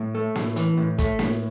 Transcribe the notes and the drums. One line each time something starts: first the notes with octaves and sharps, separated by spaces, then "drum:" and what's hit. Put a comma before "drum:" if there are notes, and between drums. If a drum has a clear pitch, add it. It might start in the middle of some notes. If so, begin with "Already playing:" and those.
Already playing: A2
A3
A2, drum: snare A#3
E3, drum: hi-hat
A2
A3, drum: kick, hi-hat
A2, drum: snare A#3